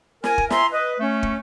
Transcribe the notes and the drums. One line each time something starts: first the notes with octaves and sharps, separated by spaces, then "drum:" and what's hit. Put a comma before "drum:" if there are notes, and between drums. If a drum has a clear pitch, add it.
A#4 G#5, drum: snare
drum: kick
E5 G#5 A#5 C6, drum: snare
B4 D#5
A3 C#4
drum: kick